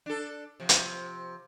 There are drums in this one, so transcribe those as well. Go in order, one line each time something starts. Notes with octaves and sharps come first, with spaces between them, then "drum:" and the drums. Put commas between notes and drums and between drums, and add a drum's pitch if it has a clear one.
D4 A4
C3 F3
drum: hi-hat